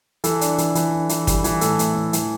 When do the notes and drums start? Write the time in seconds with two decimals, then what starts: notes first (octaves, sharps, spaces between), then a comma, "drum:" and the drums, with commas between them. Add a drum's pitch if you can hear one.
0.24 E3 A4, drum: hi-hat
0.41 D4, drum: hi-hat
0.58 E3, drum: hi-hat
0.75 E3, drum: hi-hat
0.93 D4
1.09 E3, drum: hi-hat
1.27 G3, drum: kick, hi-hat
1.44 E3, drum: hi-hat
1.61 A2 A4, drum: hi-hat
1.79 A2, drum: hi-hat
1.95 A2
2.13 E3, drum: hi-hat